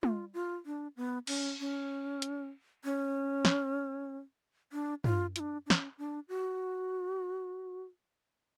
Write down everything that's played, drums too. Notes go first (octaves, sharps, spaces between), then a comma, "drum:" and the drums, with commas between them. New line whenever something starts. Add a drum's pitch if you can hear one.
F4, drum: tom
F4
D4
B3
C#4, drum: cymbal
C#4
drum: hi-hat
C#4
drum: snare
D4
F4, drum: tom
F4, drum: hi-hat
D4
D4
C#4, drum: snare
D4
F#4